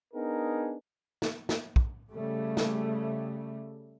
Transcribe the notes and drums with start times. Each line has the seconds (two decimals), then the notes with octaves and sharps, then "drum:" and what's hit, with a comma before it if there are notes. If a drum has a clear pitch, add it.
0.14 B3 D4 D#4 G#4 A#4
1.22 drum: snare
1.49 drum: snare
1.76 drum: kick
2.11 C#3 G3 A3
2.57 drum: snare